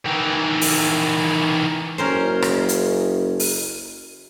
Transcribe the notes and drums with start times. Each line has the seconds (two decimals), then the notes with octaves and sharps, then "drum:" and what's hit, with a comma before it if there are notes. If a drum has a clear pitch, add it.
0.06 D#3 E3
0.61 drum: open hi-hat
1.98 F#1 C#4 A#4 C5
2.42 drum: rim click
2.69 drum: hi-hat
3.40 drum: open hi-hat